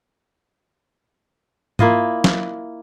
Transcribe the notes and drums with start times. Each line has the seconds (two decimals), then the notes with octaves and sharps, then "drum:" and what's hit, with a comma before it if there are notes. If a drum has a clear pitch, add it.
1.79 A#3 E4 F4 D#5, drum: tom G#2
2.24 drum: snare